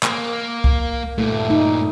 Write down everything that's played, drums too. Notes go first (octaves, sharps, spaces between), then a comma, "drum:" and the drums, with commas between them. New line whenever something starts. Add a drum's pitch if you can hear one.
A#3, drum: clap
drum: kick C2
G2 A#2 A3
D#4